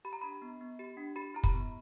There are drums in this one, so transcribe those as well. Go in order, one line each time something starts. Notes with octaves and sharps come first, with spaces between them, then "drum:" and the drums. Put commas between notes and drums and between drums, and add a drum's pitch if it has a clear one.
G4 B5
A#5
D4 B5
B3
B3
G4
D4
G4 B5
E4 A#5
B5, drum: kick
B3